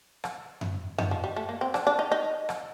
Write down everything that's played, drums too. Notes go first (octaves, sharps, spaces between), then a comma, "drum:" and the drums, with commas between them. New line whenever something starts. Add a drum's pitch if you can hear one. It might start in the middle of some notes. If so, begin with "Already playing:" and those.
drum: rim click
drum: tom F#2
D#3, drum: tom F#2
F3
G3
A3
A#3
C4
D4, drum: rim click
D4
D#4
D#4
drum: rim click